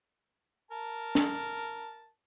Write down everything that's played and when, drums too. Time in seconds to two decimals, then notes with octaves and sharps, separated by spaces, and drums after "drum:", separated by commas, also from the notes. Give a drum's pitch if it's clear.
0.71 A#4 A5
1.15 drum: snare